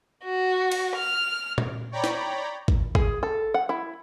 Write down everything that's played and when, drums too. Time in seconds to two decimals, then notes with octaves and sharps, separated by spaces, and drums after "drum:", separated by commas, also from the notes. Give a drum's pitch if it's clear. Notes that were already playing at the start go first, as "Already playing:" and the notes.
0.24 F#4
0.72 drum: cymbal
0.96 F6
1.58 drum: tom A#2
1.91 C#5 D5 G5 A#5 B5
2.04 drum: snare
2.68 drum: kick G#1
2.95 G#4, drum: kick G#1
3.23 A4
3.54 F#5
3.69 E4